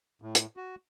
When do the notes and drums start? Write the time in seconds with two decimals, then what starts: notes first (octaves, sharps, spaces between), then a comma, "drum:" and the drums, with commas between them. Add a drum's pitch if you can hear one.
0.22 A2
0.35 drum: hi-hat
0.57 F#4